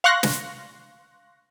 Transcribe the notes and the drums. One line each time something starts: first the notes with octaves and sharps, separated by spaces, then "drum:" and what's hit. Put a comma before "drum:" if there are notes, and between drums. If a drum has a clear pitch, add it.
F5 C6 C#6 F#6 A#6
drum: snare